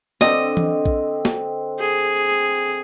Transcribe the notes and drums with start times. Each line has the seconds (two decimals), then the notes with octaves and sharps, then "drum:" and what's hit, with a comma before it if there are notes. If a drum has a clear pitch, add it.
0.21 D3 C4 D#5, drum: snare
0.57 drum: tom E3
0.85 drum: kick A#1
1.25 drum: snare
1.80 G#4